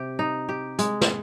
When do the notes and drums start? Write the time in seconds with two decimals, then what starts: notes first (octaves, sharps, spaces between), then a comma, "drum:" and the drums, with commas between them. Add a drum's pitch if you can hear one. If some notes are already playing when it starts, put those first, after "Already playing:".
Already playing: C3 G4
0.19 D#4
0.49 G4
0.79 G#3, drum: hi-hat
1.01 drum: snare